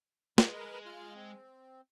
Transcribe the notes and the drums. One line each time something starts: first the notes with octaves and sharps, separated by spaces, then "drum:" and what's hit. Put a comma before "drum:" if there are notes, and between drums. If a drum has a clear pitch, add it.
A2 G3 G#3 A#4, drum: snare
A#4 B4 D#5
F4 F6
C4